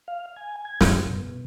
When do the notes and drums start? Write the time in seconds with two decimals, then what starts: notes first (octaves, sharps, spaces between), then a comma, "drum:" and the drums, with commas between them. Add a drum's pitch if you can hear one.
0.08 F5
0.36 G#5
0.65 G#6
0.81 F#2, drum: snare
1.10 B2